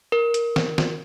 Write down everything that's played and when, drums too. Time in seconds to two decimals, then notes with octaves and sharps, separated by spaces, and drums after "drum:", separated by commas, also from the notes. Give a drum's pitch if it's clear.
0.12 A#4
0.34 drum: hi-hat
0.56 drum: snare
0.78 drum: snare